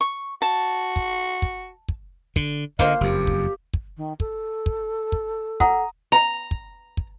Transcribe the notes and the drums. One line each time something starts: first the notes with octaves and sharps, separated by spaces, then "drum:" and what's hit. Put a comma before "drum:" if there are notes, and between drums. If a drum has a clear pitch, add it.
C#6
F#4 A5
drum: kick
drum: kick
drum: kick
D3, drum: kick
D3 A#3 F4 C5 D#5, drum: kick
F#1 F2 G4
drum: kick
drum: kick
D#3
A4, drum: kick
drum: kick
drum: kick
F#5 A#5 D#6, drum: kick
A#5
drum: kick
drum: kick